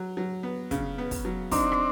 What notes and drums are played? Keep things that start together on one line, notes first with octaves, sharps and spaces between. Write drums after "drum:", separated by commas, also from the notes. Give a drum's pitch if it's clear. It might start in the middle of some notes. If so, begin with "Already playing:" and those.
Already playing: F#3
F#3
B3
C#3, drum: kick, hi-hat
B3
drum: kick, open hi-hat
F#3
C4 D4 D#4, drum: kick, open hi-hat
drum: rim click